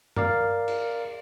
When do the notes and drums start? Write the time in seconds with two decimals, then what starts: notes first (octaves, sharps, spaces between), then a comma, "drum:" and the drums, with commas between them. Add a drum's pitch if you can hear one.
0.16 A#4 D5 F5, drum: tom F#2
0.68 drum: cymbal